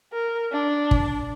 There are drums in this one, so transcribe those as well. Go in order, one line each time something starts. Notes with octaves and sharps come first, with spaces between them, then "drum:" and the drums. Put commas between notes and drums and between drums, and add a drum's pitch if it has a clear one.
A#4
D4
drum: kick